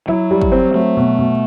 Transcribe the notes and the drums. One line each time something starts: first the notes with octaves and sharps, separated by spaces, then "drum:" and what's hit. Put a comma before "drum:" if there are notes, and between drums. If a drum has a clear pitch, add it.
F#3 E4
G3
drum: kick
C4
F#3 A3
B2
B2